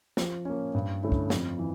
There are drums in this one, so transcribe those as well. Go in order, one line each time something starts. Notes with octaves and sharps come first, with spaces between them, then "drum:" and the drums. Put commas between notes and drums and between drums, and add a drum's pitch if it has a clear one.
F3, drum: snare
A#3 C#4
G2
D3 A3 C#4 E4
drum: kick
F2, drum: snare
E3